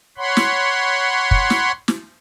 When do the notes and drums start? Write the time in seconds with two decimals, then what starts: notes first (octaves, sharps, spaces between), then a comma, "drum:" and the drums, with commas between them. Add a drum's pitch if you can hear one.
0.18 C#5 F#5 B5 C6
0.37 drum: snare
1.31 drum: kick
1.50 drum: snare
1.88 drum: snare